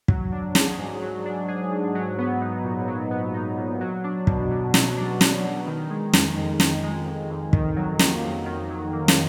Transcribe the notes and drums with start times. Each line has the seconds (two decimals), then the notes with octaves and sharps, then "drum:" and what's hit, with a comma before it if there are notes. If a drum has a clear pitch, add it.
0.08 F#3, drum: kick
0.32 D4
0.55 G#4, drum: snare
0.78 G#2
1.02 F#3
1.26 D4
1.48 G#4
1.72 G#2
1.95 F#3
2.18 B3
2.41 D#4
2.65 A#2
2.88 F#3
3.11 B3
3.34 D#4
3.57 A#2
3.81 F#3
4.04 D4
4.27 B2, drum: kick
4.51 B2
4.74 F#3, drum: snare
4.97 D4
5.21 B2, drum: snare
5.44 B2
5.67 D#3
5.90 G#3
6.13 F2, drum: snare
6.37 F2
6.60 D#3, drum: snare
6.83 G#3
7.06 F2
7.30 F2
7.53 D#3, drum: kick
7.76 F#3
7.99 A#3, drum: snare
8.23 F2
8.46 D#3
8.70 F#3
8.93 A#3
9.08 drum: snare